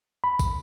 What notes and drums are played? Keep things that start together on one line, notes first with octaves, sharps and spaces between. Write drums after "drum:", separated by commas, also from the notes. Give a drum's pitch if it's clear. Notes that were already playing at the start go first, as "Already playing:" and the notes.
B5
drum: kick, tambourine